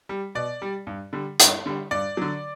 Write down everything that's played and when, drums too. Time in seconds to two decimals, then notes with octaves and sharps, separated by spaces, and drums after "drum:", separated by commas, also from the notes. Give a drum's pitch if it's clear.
0.09 G3
0.35 B2 D5
0.62 G3
0.87 G2
1.13 D3 G3
1.40 G2, drum: hi-hat
1.66 D3 G3
1.91 G2 D5
2.17 D3 F#3